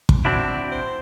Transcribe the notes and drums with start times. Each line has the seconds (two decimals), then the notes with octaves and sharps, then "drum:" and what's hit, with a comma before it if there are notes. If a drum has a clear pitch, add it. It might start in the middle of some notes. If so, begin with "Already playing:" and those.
0.09 drum: kick
0.25 C4 D4 E4 F#4
0.71 C5